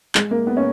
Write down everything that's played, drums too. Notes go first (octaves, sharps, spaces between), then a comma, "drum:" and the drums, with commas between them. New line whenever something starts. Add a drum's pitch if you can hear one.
G#3, drum: clap
A#3
B3
C#4